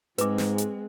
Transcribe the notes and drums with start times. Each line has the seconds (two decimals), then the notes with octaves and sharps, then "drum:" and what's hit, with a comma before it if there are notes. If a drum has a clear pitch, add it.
0.18 G#2 G#3 C4 B4 D6, drum: hi-hat
0.38 drum: snare
0.58 drum: hi-hat